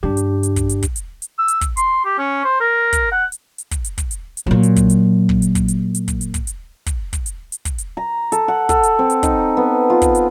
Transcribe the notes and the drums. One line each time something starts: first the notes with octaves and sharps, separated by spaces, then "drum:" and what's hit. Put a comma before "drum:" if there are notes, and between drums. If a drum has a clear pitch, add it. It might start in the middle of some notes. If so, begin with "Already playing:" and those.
G2 C#3 D4 G4
drum: hi-hat
drum: hi-hat
drum: kick, hi-hat
drum: hi-hat
drum: kick, hi-hat
drum: hi-hat
drum: hi-hat
E6
drum: hi-hat
drum: kick, hi-hat
C6, drum: hi-hat
G4
C#4
C5
A#4
drum: kick, hi-hat
F#5
drum: hi-hat
drum: hi-hat
drum: kick, hi-hat
drum: hi-hat
drum: kick, hi-hat
drum: hi-hat
drum: hi-hat
A#2 F#3
drum: hi-hat
drum: kick, hi-hat
drum: hi-hat
drum: kick
drum: hi-hat
drum: kick, hi-hat
drum: hi-hat
drum: hi-hat
drum: kick, hi-hat
drum: hi-hat
drum: kick, hi-hat
drum: hi-hat
drum: kick, hi-hat
drum: kick, hi-hat
drum: hi-hat
drum: hi-hat
drum: kick, hi-hat
drum: hi-hat
A#5
A4, drum: hi-hat
F#5
A4, drum: kick, hi-hat
drum: hi-hat
C4
drum: hi-hat
D#4, drum: kick, hi-hat
B3
F4
drum: kick, hi-hat
drum: hi-hat